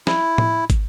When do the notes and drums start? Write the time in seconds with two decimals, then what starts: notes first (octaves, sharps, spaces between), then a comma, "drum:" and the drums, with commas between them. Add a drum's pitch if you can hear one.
0.07 E4, drum: snare
0.38 drum: tom A2
0.70 drum: kick, hi-hat